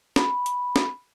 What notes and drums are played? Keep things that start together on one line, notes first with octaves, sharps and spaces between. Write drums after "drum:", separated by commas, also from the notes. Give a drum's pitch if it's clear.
B5, drum: snare
drum: hi-hat
drum: snare